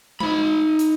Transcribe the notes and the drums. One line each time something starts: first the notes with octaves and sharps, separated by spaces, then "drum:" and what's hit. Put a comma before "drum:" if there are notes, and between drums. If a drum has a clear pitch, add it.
D#4 B5, drum: tom G#3
drum: hi-hat